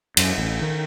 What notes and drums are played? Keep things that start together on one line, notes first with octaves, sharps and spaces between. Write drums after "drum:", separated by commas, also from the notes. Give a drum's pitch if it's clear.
F#2, drum: cymbal
A1
D#3